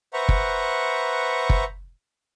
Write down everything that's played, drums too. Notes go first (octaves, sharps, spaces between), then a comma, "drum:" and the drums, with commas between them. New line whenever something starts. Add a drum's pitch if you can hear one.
B4 C5 E5 F#5 A#5 C#6
drum: kick
drum: kick